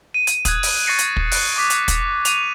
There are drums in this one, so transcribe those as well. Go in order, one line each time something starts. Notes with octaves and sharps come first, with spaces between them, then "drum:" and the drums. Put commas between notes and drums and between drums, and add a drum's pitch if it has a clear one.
D#7
drum: hi-hat
D#6 F#6 G#6, drum: kick, hi-hat
drum: open hi-hat
C#6 A6 A#6 C7 C#7 D#7
drum: hi-hat
drum: kick
F#6 C#7, drum: open hi-hat
C#6 D6 B6
drum: hi-hat
drum: kick, hi-hat
D#7 F7, drum: hi-hat